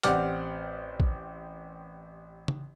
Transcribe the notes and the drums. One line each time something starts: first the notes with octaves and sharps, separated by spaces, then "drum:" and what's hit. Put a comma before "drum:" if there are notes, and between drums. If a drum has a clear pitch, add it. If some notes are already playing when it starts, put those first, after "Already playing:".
A1 C4 G4 D5 F#5 F6, drum: hi-hat
drum: kick
drum: tom